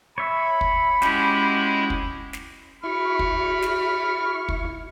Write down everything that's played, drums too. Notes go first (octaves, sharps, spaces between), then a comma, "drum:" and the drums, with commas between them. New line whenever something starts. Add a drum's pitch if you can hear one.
C#5 E5 B5
drum: kick
G#3 C#4 E4 F#4 G4, drum: snare
drum: kick
drum: snare
E4 F#4 B5 C#6 F6
drum: kick
drum: snare
drum: kick